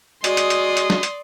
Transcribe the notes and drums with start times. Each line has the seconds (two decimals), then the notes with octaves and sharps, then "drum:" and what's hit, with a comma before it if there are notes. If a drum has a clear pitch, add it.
0.24 G#3 F#4 D5 C6 D#6, drum: hi-hat
0.37 drum: hi-hat
0.50 drum: hi-hat
0.77 drum: hi-hat
0.90 drum: snare
1.03 drum: hi-hat